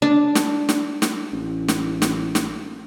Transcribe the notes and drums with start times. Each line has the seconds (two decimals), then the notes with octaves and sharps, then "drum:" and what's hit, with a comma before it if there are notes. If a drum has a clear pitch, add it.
0.02 D4
0.35 drum: snare
0.69 drum: snare
1.02 drum: snare
1.33 A1
1.68 drum: snare
2.02 drum: snare
2.35 drum: snare